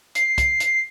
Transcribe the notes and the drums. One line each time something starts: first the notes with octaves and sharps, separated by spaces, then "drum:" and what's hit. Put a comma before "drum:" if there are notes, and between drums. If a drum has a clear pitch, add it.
C7, drum: hi-hat
drum: kick, hi-hat
drum: hi-hat